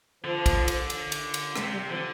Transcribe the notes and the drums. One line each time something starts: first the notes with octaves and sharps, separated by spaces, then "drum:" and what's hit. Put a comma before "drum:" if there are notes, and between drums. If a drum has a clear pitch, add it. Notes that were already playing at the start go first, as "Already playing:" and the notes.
D3 F3
drum: kick, cymbal
drum: cymbal
drum: cymbal
drum: cymbal
drum: cymbal
C3 G#3, drum: rim click
G3
D3 F3